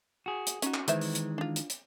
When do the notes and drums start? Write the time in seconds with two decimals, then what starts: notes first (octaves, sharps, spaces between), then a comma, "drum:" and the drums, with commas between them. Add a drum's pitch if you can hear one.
0.26 F#4 G#4
0.47 drum: hi-hat
0.62 C#4 D#4 F#4, drum: hi-hat
0.74 drum: clap
0.88 D#3 E3 G#3 B4 C5 E5, drum: hi-hat
1.01 drum: open hi-hat
1.15 drum: hi-hat
1.38 D4 F4
1.56 drum: hi-hat
1.70 drum: hi-hat